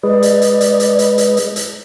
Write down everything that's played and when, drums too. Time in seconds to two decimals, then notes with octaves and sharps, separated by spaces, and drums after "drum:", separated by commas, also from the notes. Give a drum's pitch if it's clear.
0.03 G#3 B4 D5 D#5
0.22 drum: hi-hat
0.42 drum: hi-hat
0.61 drum: hi-hat
0.80 drum: hi-hat
0.99 drum: hi-hat
1.18 drum: hi-hat
1.37 drum: hi-hat
1.56 drum: hi-hat